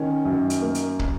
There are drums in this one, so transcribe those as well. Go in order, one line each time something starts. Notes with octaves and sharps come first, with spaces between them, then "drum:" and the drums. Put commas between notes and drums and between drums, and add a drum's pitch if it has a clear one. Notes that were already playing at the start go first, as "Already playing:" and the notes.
Already playing: D#3 C#4
F#2
drum: hi-hat
A#3
drum: hi-hat
drum: kick